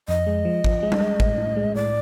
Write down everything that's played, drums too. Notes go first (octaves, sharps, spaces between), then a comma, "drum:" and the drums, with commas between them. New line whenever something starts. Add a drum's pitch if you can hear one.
F2 D#5
G#3
F3
F3, drum: kick G#1
G#3
drum: tom G3
G#3
A2, drum: kick G#1
A2
G#3
A2 D5